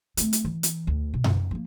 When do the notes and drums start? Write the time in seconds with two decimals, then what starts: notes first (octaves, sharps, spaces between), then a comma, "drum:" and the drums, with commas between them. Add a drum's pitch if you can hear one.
0.17 A3 C4, drum: hi-hat
0.33 drum: hi-hat
0.45 E3
0.63 drum: hi-hat
0.87 D2
1.14 B2
1.24 drum: tom F#2
1.34 D#4
1.51 F3 A#3